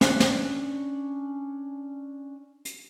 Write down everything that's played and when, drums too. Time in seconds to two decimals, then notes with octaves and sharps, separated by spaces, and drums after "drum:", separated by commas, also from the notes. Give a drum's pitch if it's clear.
0.01 C#4 D4 F#6, drum: snare
0.20 drum: snare
2.65 drum: hi-hat